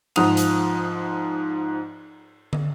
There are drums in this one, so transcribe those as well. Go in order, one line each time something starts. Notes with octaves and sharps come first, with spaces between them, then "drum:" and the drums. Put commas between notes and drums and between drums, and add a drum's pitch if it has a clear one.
G#2 F3 F#5 D#6 F7, drum: cymbal
drum: hi-hat
drum: tom